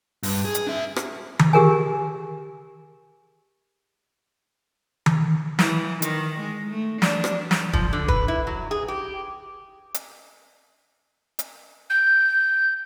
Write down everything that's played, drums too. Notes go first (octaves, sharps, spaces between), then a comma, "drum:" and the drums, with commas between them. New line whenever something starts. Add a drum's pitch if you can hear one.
G2, drum: open hi-hat
G#4
drum: hi-hat
D4 E5
drum: rim click
drum: tom D#3
G4 G#4 A#4 G#5
drum: tom D#3
E3, drum: snare
D#3, drum: hi-hat
G#3
A3
D4, drum: snare
drum: rim click
drum: snare
F3, drum: kick
D3
B4, drum: kick
E4
F#3
G#4
G4
drum: hi-hat
drum: hi-hat
G6